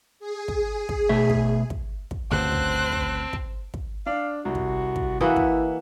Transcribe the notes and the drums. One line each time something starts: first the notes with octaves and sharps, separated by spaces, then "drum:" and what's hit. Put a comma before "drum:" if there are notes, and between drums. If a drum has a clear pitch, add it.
G#4
drum: kick
drum: kick
B2 A3 E5
drum: kick
drum: kick
drum: kick
D2 G2 C#3 C4 C5 G5 A5 F#6
drum: kick
drum: kick
drum: kick
drum: kick
D4 D5 F5
C2 F#4
drum: kick
drum: kick
E3 A#3 E4 F#4 E5 F#5 D#6
drum: kick